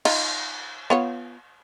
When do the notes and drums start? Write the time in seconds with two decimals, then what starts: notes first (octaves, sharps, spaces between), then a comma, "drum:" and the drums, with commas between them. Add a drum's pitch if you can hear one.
0.05 D#4 F4, drum: cymbal
0.90 B3 F4 C#5